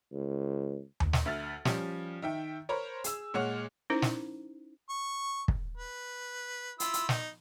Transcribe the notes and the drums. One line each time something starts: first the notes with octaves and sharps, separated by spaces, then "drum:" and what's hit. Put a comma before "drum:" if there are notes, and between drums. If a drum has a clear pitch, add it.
C#2
drum: tom D#2
drum: snare
D2 E5 F6 A6
F3 G3 C#4, drum: snare
D#3 E5 G5
A#4 C5 C#5 A#5 B5
G#4 E6, drum: hi-hat
A#2 G#3 C#5 F#5 F6 F7
C#4 D#4 E4 A#4 C5
drum: snare
C#6
drum: kick
B4
E4 F4 E6, drum: hi-hat
drum: hi-hat
D#4, drum: snare